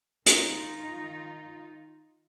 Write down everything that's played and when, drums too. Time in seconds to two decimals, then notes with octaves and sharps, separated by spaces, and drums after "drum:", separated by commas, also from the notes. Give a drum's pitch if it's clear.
0.26 D#3 D#4 F4, drum: hi-hat